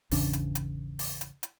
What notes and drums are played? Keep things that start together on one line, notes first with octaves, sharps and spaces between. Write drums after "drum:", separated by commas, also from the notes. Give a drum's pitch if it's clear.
G#1 E2 C#3 D4, drum: open hi-hat
drum: hi-hat
drum: hi-hat
drum: open hi-hat
drum: hi-hat
drum: hi-hat